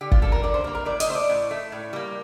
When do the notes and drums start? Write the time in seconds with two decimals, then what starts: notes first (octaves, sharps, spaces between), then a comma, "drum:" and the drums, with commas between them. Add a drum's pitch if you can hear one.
0.01 D3 G4
0.12 F4, drum: kick G1
0.22 G3 A#3 A4
0.32 A#4
0.43 D3 D5
0.54 C5
0.64 G3 A#3 A#4
0.75 A#4
0.85 A2 D5
1.00 D#5, drum: hi-hat
1.07 A3 C5
1.15 D5
1.30 A2
1.51 A3
1.72 A2
1.93 G3 A#3